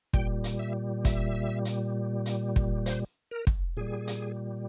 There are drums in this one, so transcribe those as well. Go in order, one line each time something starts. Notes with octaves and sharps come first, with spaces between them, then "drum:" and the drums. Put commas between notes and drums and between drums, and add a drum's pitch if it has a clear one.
A#2 G3 G5, drum: kick
drum: hi-hat
E5
E5, drum: kick, hi-hat
drum: hi-hat
drum: hi-hat
drum: kick
C5, drum: hi-hat
A#4
drum: kick
A#2 G3 G#4
drum: hi-hat